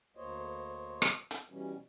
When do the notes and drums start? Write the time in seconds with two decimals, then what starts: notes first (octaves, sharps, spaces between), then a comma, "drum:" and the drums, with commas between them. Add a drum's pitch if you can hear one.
0.17 D2 A#3 C5 C#5 D#5
1.02 drum: rim click
1.31 drum: hi-hat
1.50 B2 E3 G3 C#4